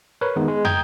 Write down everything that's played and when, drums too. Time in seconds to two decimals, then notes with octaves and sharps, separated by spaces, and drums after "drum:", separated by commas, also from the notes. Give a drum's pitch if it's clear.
0.21 A#4 B4 C#5
0.36 D#3 G#3 B3 D#4
0.48 G#3
0.65 G5 A#5 D#6 G6 G#6, drum: tom